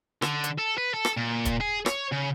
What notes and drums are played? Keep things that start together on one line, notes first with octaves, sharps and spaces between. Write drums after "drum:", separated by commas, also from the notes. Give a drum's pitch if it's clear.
D3, drum: rim click
drum: hi-hat
A4
B4
A4
drum: rim click
A#2
drum: kick, hi-hat
G#4
C#5, drum: rim click
C#3